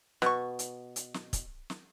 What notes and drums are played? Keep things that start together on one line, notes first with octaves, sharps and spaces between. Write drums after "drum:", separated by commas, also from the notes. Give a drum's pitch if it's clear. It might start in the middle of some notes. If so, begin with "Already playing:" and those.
B2 C#6, drum: snare
drum: hi-hat
drum: hi-hat
drum: snare
drum: kick, hi-hat
drum: snare